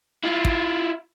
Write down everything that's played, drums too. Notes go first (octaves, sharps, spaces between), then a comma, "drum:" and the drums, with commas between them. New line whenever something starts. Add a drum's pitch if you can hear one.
E4 F4
drum: kick